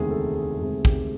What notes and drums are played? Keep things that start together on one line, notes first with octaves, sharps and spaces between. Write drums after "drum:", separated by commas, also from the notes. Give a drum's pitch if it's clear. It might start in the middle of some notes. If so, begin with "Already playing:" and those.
Already playing: E1 D2 C3 D#3 G#3 G#4
A4
G#4
E1 D2 C3 D#3 G#3 G#4
G4, drum: kick